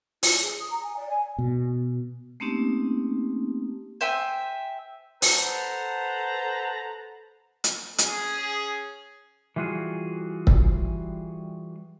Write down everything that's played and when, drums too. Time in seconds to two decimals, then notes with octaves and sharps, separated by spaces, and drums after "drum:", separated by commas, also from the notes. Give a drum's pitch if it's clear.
0.23 F4, drum: open hi-hat
0.41 G#4
0.59 D#6
0.70 A#5
0.82 G#5
0.96 D5
1.10 G#5
1.38 B2
2.40 A3 A#3 C4 C#4 D#4 G4
4.01 C5 E5 G5 G#5
5.22 A4 B4 C5 F#5 A5 A#5, drum: open hi-hat
7.64 drum: hi-hat
7.98 C#4 G#4, drum: hi-hat
9.56 E3 G3 F4 F#4 G#4
10.47 drum: kick